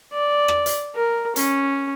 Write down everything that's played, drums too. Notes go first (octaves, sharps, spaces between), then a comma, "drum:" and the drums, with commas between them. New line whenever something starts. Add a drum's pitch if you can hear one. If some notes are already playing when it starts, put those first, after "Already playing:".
D5
drum: rim click
drum: hi-hat
A#4
C#4, drum: hi-hat